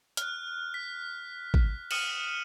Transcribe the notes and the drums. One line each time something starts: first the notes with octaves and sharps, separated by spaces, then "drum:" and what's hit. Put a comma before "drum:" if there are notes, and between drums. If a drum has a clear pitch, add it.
F6 F#6, drum: hi-hat
B6
drum: kick
D#6 F6 C#7 D#7 E7 F#7, drum: cymbal